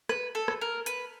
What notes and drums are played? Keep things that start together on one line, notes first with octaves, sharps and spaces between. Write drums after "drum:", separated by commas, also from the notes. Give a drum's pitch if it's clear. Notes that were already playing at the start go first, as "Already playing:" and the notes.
B4, drum: rim click
A4
drum: rim click
A#4
B4, drum: hi-hat